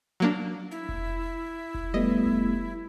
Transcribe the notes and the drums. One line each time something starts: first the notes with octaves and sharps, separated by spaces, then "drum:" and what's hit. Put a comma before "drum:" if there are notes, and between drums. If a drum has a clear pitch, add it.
F#3 A#3 D4
E4
drum: kick F1
drum: kick F1
G3 A3 B3 D#5
drum: kick F1